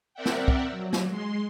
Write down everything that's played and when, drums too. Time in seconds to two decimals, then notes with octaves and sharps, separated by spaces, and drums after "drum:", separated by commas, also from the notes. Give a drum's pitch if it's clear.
0.14 C4 A#4 D5 E5 F#5 G5
0.26 drum: snare
0.48 drum: kick
0.70 F#3
0.93 drum: snare
1.09 G#3 C6